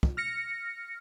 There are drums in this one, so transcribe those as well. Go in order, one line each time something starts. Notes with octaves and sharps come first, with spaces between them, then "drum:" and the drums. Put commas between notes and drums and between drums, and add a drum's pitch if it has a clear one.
drum: kick
F6 A#6 C#7